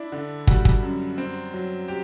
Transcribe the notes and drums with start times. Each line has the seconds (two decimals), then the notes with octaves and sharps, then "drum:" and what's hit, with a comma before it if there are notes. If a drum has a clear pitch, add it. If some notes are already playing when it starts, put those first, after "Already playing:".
Already playing: D4 E4
0.12 D3
0.47 G3 F#4, drum: kick
0.65 drum: kick
0.83 F#2
1.18 C4
1.54 F#3
1.88 G4